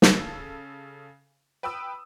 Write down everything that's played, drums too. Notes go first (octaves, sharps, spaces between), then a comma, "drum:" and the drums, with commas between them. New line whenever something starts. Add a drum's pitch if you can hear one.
C#3 A4, drum: snare
B4 G5 B5 D#6 E6